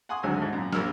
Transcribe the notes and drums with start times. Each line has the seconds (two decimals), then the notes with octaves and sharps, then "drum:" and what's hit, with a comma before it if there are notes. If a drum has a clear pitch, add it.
0.09 F#5 G#5 C6 C#6 D#6
0.23 G#1 D2 F#3 D4 G#5 E6
0.38 G#2 A3
0.53 F#2 A#2
0.73 A#1 A#3 E6 F6, drum: snare